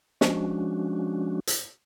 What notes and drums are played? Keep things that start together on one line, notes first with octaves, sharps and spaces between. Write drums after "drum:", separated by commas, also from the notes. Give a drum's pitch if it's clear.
F3 G#3 C#4 D4 F#4, drum: snare
drum: hi-hat